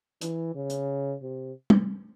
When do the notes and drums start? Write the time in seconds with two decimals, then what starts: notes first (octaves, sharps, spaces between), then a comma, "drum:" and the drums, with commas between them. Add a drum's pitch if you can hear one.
0.21 E3, drum: hi-hat
0.55 C#3
0.70 drum: hi-hat
1.22 C3
1.70 drum: tom